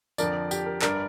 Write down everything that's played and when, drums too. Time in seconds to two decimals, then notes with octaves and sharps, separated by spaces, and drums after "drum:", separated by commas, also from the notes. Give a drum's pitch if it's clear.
0.18 F2 D3 F3 A#4 D5, drum: tambourine
0.51 G4, drum: tambourine
0.66 A#4
0.82 G1 G2 G3 A#4 D5, drum: clap